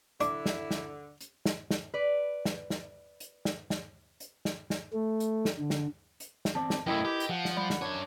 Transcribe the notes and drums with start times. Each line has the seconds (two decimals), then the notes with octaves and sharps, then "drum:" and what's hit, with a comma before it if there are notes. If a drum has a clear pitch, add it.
0.21 D3 D4 E4 D6, drum: hi-hat
0.46 drum: snare
0.71 drum: snare
1.21 drum: hi-hat
1.46 drum: snare
1.70 drum: snare
1.94 B4 D5
2.45 drum: snare
2.70 drum: snare
3.20 drum: hi-hat
3.45 drum: snare
3.70 drum: snare
4.20 drum: hi-hat
4.45 drum: snare
4.70 drum: snare
4.93 A3
5.20 drum: hi-hat
5.45 drum: snare
5.59 D3
5.70 drum: snare
6.20 drum: hi-hat
6.45 drum: snare
6.55 E2 C4 D5 A5
6.70 drum: snare
6.87 F#2 A3 E4 A#4 B4 D#5 G5 E6
7.05 G4
7.20 drum: hi-hat
7.29 F3 F#5
7.45 drum: snare
7.57 G3 D5 B5
7.70 drum: snare
7.82 F#2 D4 C#5